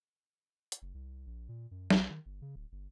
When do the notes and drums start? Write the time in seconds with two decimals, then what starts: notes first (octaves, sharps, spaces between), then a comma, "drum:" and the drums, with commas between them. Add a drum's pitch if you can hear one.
0.72 drum: hi-hat
0.82 F#1
0.94 C2
1.26 A#1
1.49 A#2
1.71 F#2
1.90 B1, drum: snare
2.10 D#3
2.26 G1
2.42 C#3
2.56 D1
2.72 G1